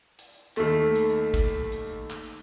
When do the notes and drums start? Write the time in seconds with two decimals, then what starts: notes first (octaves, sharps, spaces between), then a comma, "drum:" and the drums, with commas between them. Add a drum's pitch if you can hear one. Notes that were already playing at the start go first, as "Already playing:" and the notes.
0.19 drum: hi-hat
0.57 D#2 A3, drum: clap
0.95 drum: hi-hat
1.34 drum: kick, hi-hat
1.72 drum: hi-hat
2.10 drum: clap